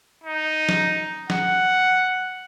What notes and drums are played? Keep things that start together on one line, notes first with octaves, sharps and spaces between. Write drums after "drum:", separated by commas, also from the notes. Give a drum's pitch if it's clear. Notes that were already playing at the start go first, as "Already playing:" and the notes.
D#4
drum: snare
F#5, drum: snare